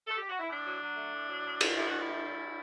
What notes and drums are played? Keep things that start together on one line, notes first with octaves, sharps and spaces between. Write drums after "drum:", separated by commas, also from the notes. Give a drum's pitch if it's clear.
A4
G4
F#4
E4
A2 D4
F#3
F#3
A3
A2
F#3
A2
A2, drum: cymbal
A2 E4
A2 F#4
E4
A3